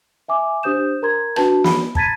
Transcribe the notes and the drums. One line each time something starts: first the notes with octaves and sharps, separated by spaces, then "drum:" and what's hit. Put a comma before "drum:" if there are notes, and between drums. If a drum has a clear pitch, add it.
E5 G#5 D6
D4 G4 C5 D#6 G6 E7
A#4 A#5 C6 G#6
D4 F#4 B4 A5, drum: rim click
B5, drum: snare
A5 A#5 G#6 A6 B6 D#7, drum: kick